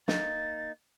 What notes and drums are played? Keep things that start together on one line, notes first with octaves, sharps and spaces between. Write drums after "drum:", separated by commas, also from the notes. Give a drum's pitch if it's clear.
A#3 D#4 A6, drum: snare